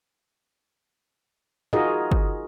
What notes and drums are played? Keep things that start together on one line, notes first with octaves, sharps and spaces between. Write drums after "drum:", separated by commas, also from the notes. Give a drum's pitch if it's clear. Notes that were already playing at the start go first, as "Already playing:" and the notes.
D#4 F4 F#4 G#4 A#4 D#5
drum: kick